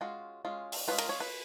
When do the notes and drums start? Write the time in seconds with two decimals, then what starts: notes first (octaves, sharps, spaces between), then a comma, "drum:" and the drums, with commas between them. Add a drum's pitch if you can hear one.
0.01 G#3 C#4 F4 F#4
0.45 G#3 C#4 F4
0.72 drum: open hi-hat
0.88 G#3 C#4 F4 B4
0.98 A#4, drum: cymbal
1.09 C#5
1.20 B4